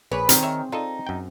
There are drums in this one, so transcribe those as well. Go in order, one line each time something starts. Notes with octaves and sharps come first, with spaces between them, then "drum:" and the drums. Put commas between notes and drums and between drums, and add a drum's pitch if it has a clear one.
A#1 G#4 B4 C#5 D5
D#3 C4 C5, drum: hi-hat
C#5 E5
D#4 F4 A4 D#5
F#2 G5